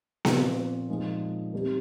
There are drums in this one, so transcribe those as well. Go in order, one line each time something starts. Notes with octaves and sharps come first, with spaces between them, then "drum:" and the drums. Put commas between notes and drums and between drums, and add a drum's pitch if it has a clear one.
A#2 F3 C4 F4, drum: snare B3
A#2 F3 G#3 D#4
D#3 G3 C4